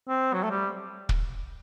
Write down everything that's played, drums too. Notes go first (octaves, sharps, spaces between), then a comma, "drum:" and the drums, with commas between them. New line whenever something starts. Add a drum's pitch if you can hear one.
C4
F#3
A3
G3
drum: kick